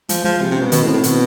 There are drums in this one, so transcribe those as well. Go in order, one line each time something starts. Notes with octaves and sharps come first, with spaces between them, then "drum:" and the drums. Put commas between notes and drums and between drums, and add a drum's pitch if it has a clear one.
F3 G#3, drum: hi-hat
F3 G#3
C3 G#3
C3
C#4
B2
B2 D#3, drum: hi-hat
A2
C4
A2
B2 C4, drum: hi-hat